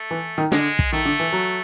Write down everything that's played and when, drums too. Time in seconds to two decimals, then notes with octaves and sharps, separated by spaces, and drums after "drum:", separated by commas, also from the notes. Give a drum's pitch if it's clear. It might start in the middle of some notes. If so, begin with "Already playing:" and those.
Already playing: A3
0.11 E3
0.38 D#3
0.52 D3 G#3, drum: snare
0.79 drum: kick
0.92 D#3 A3
1.05 D3
1.20 E3
1.33 F#3